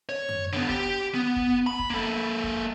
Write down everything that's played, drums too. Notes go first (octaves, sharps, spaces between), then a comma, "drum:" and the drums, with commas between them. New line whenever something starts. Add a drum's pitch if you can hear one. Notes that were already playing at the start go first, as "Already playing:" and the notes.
C#5
drum: tom F#2
D3 B3
G4, drum: kick
B3
drum: kick
B5
drum: kick
A#3 A4
drum: kick